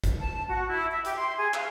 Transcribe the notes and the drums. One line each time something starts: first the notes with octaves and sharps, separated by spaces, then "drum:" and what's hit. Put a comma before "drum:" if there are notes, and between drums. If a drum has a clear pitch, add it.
drum: kick, hi-hat
A5
F#4
E4
E5
G4, drum: hi-hat
C6
G#4
F5, drum: clap